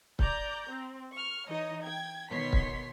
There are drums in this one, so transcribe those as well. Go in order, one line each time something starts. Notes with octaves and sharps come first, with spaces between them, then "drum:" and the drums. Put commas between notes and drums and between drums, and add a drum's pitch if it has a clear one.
D5 A#5 G6, drum: kick C#1
C4
C#6 F6
E3 D#4 C#5 D#5
G5 G#6
B2 D#3 C#5 C6 B6
drum: kick C#1